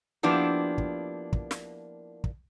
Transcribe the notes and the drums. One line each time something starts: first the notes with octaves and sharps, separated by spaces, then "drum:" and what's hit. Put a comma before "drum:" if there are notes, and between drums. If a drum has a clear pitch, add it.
F3 A#3 B3 D4 E4 G4
drum: kick
drum: kick
drum: snare
drum: kick